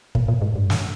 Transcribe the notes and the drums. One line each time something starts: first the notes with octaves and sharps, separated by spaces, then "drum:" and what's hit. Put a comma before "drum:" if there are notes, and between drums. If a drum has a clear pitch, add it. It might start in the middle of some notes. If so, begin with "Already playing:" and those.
A#2, drum: kick
A#2
G#2
G2
drum: snare